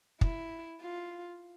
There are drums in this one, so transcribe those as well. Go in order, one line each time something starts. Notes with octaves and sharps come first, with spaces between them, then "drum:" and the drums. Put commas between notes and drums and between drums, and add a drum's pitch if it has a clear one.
E4, drum: kick
F4